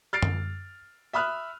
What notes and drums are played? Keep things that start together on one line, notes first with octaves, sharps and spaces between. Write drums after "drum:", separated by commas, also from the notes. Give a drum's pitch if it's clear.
F6 A6 C7 D7
drum: tom F#2
E5 B5 D#6 F6 F#6